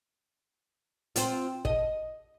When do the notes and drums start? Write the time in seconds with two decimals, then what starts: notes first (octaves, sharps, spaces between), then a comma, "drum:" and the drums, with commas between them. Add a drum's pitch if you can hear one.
1.16 C4 F4, drum: hi-hat
1.65 D#5, drum: kick